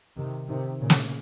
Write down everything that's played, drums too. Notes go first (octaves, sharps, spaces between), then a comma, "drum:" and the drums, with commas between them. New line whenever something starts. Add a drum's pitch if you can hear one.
C3 D#3
C3 D#3
A#2 C#3
drum: snare